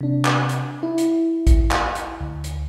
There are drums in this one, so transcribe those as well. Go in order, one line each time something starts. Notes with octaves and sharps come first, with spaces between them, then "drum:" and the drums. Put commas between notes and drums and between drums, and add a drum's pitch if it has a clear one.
C3 D4
drum: clap
drum: hi-hat
E4
drum: hi-hat
drum: kick A#1, hi-hat
drum: clap
drum: hi-hat
D2
drum: hi-hat